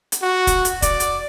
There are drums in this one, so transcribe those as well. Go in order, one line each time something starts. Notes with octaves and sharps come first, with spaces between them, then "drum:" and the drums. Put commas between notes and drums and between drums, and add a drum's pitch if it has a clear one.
drum: hi-hat
F#4
drum: kick, hi-hat
drum: hi-hat
D5, drum: kick, hi-hat
drum: hi-hat